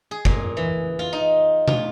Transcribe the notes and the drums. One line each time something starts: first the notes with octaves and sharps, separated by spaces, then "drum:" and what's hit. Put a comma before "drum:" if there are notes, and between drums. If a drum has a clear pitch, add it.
G#4
A#2, drum: kick
E3
F4
D#4
F4, drum: tom C3